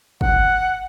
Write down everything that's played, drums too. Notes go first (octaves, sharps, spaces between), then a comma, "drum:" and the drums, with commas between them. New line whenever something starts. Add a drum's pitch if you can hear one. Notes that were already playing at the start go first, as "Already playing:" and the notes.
F#5, drum: kick